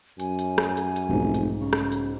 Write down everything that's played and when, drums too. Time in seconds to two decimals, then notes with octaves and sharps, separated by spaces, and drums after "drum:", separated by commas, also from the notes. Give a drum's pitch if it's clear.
0.20 F#2 G#5, drum: hi-hat
0.39 drum: hi-hat
0.58 drum: rim click
0.77 drum: hi-hat
0.96 drum: hi-hat
1.09 F1 B1 G#2
1.34 drum: hi-hat
1.60 C#3
1.73 drum: rim click
1.92 drum: hi-hat